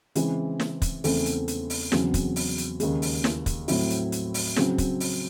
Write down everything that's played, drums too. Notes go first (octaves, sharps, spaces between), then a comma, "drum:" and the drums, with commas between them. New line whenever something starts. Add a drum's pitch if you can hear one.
C#3 E3 G#3 C4 E4, drum: hi-hat
drum: snare
drum: kick, hi-hat
E2 C#3 E3 A3 C4, drum: open hi-hat
drum: hi-hat
drum: hi-hat
drum: open hi-hat
E2 C#3 F#3 C4, drum: snare
drum: kick, hi-hat
drum: open hi-hat
drum: hi-hat
D#2 C#3 G#3, drum: hi-hat
drum: open hi-hat
drum: snare
drum: kick, hi-hat
A2 F#3 C4 E4, drum: open hi-hat
drum: hi-hat
drum: hi-hat
drum: open hi-hat
C#3 F#3 C4, drum: snare
drum: kick, hi-hat
drum: open hi-hat